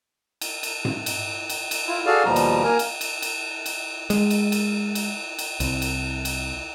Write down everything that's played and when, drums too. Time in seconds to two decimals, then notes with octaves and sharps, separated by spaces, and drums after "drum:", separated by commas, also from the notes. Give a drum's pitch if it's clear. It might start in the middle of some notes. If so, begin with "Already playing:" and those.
0.41 drum: cymbal
0.63 drum: cymbal
0.85 drum: tom G#2
1.06 drum: cymbal
1.50 drum: cymbal
1.71 drum: cymbal
1.88 E4 F4
2.06 F#4 G#4 A4 D5 F5 F6
2.25 D#2 B2 F3 G3 A#5
2.36 drum: cymbal
2.64 A#3 A#4 G#5 A#5
2.79 drum: cymbal
3.01 drum: cymbal
3.22 drum: cymbal
3.66 drum: cymbal
4.10 G#3, drum: cymbal
4.30 drum: cymbal
4.52 drum: cymbal
4.95 drum: cymbal
5.39 drum: cymbal
5.60 C2, drum: cymbal
5.82 drum: cymbal
6.25 drum: cymbal